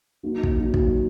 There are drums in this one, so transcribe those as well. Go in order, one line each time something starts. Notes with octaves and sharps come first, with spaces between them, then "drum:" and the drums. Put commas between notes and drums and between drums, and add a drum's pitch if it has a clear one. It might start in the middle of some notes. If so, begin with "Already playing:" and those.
F#3 A#3 D#4 F#4
drum: kick
F#3 A#3 D#4 F#4
drum: kick